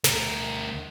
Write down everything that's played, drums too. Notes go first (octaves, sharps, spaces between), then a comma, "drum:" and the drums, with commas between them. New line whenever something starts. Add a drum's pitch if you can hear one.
D2 A#4, drum: snare